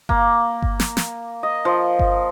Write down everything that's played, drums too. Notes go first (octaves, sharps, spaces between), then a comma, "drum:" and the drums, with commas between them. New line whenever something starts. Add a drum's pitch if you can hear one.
A#3, drum: kick G1
drum: kick G1
drum: snare
drum: snare
D#5
F3
drum: kick G1